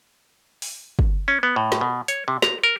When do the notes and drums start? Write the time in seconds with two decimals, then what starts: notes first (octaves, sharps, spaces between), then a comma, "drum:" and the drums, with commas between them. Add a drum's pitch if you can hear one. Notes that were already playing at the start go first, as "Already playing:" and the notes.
0.62 drum: open hi-hat
0.99 drum: kick
1.28 C#4
1.43 B3
1.56 A2
1.72 drum: snare
1.81 B2
2.08 C#5, drum: hi-hat
2.28 C3
2.42 A#5, drum: snare
2.64 A#4